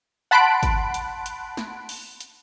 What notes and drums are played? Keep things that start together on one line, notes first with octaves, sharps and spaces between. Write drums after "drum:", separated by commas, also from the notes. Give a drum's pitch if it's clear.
F#5 A5 B5 C6 F#6 D7
drum: kick, hi-hat
drum: hi-hat
drum: hi-hat
drum: snare
drum: open hi-hat
drum: hi-hat